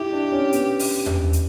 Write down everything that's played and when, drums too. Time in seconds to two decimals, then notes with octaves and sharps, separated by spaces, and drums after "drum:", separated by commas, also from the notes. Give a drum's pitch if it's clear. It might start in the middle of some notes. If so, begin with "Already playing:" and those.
Already playing: E4 G4
0.12 D4
0.32 C#4
0.53 B3, drum: hi-hat
0.79 drum: open hi-hat
1.06 drum: tom E2
1.33 drum: hi-hat